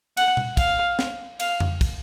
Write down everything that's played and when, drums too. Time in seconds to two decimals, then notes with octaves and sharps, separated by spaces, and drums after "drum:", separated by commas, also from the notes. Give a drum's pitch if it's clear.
0.17 F#5, drum: cymbal
0.37 drum: tom B2
0.57 F5, drum: kick, cymbal
0.99 drum: snare
1.40 F5, drum: cymbal
1.60 drum: tom F2
1.81 drum: kick, cymbal